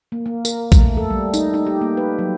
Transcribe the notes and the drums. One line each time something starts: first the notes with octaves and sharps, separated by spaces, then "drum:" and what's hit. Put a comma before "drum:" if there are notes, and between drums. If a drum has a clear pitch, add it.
A#3
A#3
A#4, drum: tambourine
A3, drum: kick A#1, tambourine
A4
G3
D#4, drum: tambourine
D#4
G4
A#3
B4
F#3